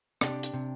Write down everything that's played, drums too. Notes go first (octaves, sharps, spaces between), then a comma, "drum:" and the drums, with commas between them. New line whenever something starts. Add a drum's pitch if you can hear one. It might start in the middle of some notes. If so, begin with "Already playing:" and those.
C3 D4 G4, drum: rim click
drum: hi-hat
C3